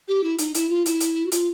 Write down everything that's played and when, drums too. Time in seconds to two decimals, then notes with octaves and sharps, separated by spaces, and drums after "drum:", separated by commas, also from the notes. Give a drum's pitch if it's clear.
0.08 G4
0.24 E4
0.38 D#4, drum: hi-hat
0.54 E4, drum: hi-hat
0.70 F4
0.86 E4, drum: hi-hat
1.00 drum: hi-hat
1.26 F#4
1.32 F4, drum: hi-hat